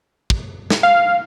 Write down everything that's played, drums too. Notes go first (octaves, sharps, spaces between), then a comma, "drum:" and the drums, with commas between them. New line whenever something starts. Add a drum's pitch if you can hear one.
drum: kick
drum: snare
F5